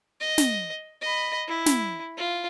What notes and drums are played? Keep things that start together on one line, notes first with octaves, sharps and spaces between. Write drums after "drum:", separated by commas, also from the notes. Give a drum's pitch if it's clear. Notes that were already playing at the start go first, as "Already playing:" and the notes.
D#5
drum: snare
D#5 B5
E4
drum: snare
F4